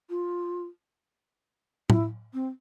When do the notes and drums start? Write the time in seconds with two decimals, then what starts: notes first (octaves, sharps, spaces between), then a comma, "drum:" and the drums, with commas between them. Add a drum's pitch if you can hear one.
0.10 F4
1.90 E4, drum: tom A2
2.34 C4